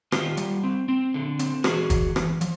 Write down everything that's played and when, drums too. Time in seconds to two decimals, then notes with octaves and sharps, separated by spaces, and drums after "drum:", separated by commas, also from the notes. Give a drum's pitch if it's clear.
0.12 D#3 F4 G4, drum: rim click
0.37 G3, drum: hi-hat
0.64 C4
0.89 C4
1.14 D3
1.39 C4, drum: hi-hat
1.64 E3 F#4 G#4, drum: rim click
1.90 E3, drum: kick, hi-hat
2.16 E3, drum: rim click
2.41 F3, drum: hi-hat